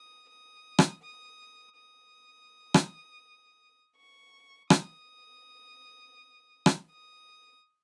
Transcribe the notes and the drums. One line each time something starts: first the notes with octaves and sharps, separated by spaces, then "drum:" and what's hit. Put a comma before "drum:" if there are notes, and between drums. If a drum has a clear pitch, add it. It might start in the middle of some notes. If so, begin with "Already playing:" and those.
Already playing: D#6
D#6
drum: rim click
D#6
D#6
drum: rim click
C#6
D#6, drum: rim click
drum: rim click
D#6